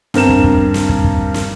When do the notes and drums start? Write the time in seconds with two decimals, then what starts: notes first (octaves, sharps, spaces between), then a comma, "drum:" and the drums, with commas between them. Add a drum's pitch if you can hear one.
0.14 G2 C4 A#4 E7, drum: snare
0.29 drum: kick
0.44 drum: kick
0.74 drum: snare
0.89 drum: kick
1.04 drum: kick
1.34 drum: snare